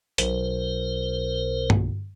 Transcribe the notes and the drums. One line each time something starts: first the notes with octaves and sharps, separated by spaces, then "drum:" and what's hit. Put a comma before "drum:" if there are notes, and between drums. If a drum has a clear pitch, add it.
B1 A#4 C5, drum: hi-hat
drum: tom G2